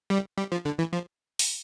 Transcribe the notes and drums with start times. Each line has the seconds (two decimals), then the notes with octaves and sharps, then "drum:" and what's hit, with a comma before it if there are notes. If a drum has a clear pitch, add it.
0.10 G3
0.38 G3
0.52 F3
0.65 D3
0.79 E3
0.93 F3
1.39 drum: open hi-hat